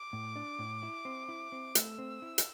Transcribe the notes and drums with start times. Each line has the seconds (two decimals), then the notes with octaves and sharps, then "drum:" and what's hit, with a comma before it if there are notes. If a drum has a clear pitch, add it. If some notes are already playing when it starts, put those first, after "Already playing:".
Already playing: D6
0.13 A2
0.36 D4
0.59 A2
0.83 E4
1.05 C4
1.29 E4
1.52 C4
1.75 A3 E6, drum: hi-hat
1.98 C4
2.22 E4
2.38 drum: hi-hat